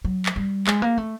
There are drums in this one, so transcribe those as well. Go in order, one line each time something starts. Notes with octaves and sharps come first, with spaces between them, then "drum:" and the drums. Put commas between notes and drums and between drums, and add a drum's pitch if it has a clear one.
F#3
drum: clap
G3
G#3, drum: clap
A#3
A3